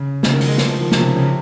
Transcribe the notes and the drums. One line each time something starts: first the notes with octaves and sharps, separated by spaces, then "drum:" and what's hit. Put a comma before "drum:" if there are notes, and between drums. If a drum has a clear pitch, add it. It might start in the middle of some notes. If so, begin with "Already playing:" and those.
Already playing: C#3
C#3, drum: snare
D#3
F#3, drum: open hi-hat
G#3
F#3, drum: snare
F3
D#3
C3, drum: snare
C#3
C#3
C3